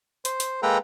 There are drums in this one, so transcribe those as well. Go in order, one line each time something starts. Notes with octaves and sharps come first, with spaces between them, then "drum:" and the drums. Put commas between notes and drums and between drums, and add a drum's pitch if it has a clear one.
C5, drum: hi-hat
drum: hi-hat
G#3 A#3 A4 B4 G5 A#5